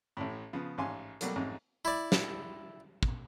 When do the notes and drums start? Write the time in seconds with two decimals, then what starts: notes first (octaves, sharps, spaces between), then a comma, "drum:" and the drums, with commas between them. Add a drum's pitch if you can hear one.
0.17 A1 A2
0.53 C#3 F3 B3
0.78 A1 G#2 F5 G#5 C6
1.21 B2 F#3 G3 A3 A#3, drum: hi-hat
1.36 A1 F2 G#2
1.85 E4 D5
2.12 drum: snare
3.03 drum: kick